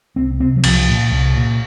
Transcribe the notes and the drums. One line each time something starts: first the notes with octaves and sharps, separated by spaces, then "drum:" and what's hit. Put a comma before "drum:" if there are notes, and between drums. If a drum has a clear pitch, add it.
C2 C4
C3 C4
F#3
C2 F3, drum: cymbal
A#2
C2
A#2